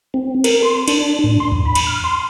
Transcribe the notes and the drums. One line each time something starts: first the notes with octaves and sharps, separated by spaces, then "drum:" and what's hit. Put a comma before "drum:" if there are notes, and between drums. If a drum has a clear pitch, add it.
C4
A#4, drum: cymbal
C6
D4, drum: cymbal
A2
C6
E2
B5
drum: cymbal
F6
C6